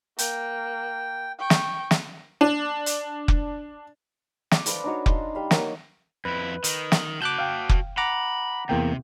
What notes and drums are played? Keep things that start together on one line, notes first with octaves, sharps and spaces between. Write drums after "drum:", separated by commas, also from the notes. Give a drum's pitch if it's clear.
A#3 G5, drum: hi-hat
G5 C#6
drum: snare
drum: snare
D4
drum: hi-hat
drum: kick F1
D5, drum: snare
A4 B4 C5 F5, drum: hi-hat
D4 D#4 F#4 C#5
F5 A5 C6, drum: kick F1
G3 F5 B5
A#3 C#5 F#5, drum: snare
F2 E4 B4
D#3, drum: hi-hat
drum: snare
F#4 A5 D6 F#6 G6
F5 G5
drum: kick F1
F#5 A#5 B5 D6
E2 C3 A#3 G5